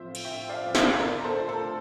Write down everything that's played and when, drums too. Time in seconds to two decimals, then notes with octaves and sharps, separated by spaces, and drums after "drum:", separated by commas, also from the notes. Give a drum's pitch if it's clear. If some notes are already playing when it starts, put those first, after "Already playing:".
Already playing: A2 F3 C4 F4 C5 E5
0.15 drum: cymbal
0.25 A2 E5 G5
0.49 D5 F5
0.62 F3 C4 F4
0.75 C5 E5, drum: snare
1.00 D3 A#4 D5
1.24 A4 C5
1.37 A3 D4 F4
1.49 A4